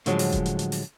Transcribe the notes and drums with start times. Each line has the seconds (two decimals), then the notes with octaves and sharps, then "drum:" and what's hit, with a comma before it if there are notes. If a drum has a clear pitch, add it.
0.06 A2 D3 F3 F#3 G#3, drum: hi-hat
0.19 drum: open hi-hat
0.32 drum: kick F1, hi-hat
0.46 drum: hi-hat
0.59 drum: hi-hat
0.72 drum: open hi-hat